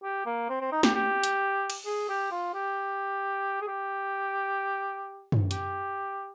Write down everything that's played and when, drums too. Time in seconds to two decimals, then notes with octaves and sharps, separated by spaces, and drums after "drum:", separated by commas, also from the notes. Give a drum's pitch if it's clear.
0.03 G4
0.26 A#3
0.49 C4
0.61 C4
0.72 D#4
0.83 G4, drum: snare
0.95 G4
1.24 drum: hi-hat
1.70 drum: cymbal
1.86 G#4
2.09 G4
2.31 F4
2.54 G4
3.62 G#4
3.68 G4
5.32 drum: tom
5.51 G4, drum: hi-hat